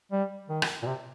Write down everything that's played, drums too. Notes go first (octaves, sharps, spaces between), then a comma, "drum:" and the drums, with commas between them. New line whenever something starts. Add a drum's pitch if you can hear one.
G3
D#3
drum: rim click
A#2
C3